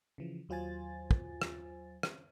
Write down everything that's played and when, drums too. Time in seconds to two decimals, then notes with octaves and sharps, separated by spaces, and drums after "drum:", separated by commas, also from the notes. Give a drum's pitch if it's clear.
0.18 C#3 E3 F3
0.49 D#2 F#3 F4 C5 G#5 A6
1.11 drum: kick
1.42 drum: rim click
2.03 drum: rim click